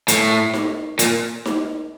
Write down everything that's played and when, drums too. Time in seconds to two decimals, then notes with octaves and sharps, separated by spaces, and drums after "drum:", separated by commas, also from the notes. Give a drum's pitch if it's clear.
0.08 A2, drum: hi-hat
0.54 drum: snare D#4
0.99 A#2, drum: hi-hat
1.45 drum: snare D#4